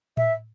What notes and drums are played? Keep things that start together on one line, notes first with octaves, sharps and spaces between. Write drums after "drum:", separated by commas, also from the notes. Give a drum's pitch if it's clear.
E5, drum: tom A2